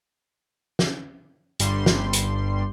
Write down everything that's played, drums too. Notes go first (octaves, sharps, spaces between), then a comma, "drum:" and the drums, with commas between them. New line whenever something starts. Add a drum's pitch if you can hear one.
drum: snare
G1 G2 G3 C6, drum: hi-hat
drum: snare
drum: hi-hat